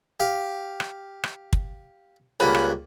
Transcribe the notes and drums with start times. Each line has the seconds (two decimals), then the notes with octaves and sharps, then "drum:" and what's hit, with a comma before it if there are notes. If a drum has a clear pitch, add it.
0.20 G4 F5
0.80 drum: rim click
1.24 drum: rim click
1.53 drum: kick
2.40 C#2 G2 A#3 C#4 F#5 B5
2.54 drum: rim click